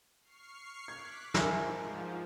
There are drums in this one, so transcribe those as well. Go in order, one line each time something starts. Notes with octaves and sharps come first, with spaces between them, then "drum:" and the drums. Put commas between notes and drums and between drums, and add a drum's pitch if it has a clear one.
C#6 F6 C7
D6 F#6 G#6 B6
G#2 F3 A#4 E5 G#5, drum: snare